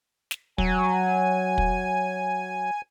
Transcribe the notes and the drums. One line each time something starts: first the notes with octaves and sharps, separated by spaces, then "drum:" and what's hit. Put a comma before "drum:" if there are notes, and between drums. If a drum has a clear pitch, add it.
drum: snare
F#3 G#5, drum: kick
drum: kick